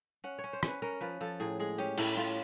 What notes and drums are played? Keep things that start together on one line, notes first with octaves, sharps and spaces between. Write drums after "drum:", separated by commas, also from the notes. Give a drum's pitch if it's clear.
C#4 F#5
C#5
C#4
C5
C#4 B4, drum: rim click
C#4 A#4
F3 B4
F3 A4
A2 G#4
G#3 G#4
C#4 G4
A2 E4, drum: cymbal
A2 F4